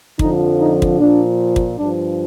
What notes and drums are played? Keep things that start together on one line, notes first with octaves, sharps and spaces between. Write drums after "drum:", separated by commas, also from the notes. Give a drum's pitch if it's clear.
F2 D3 F3 D#4, drum: kick
D#4
drum: kick
A#2 F3 D4
drum: kick
G2 F3 D4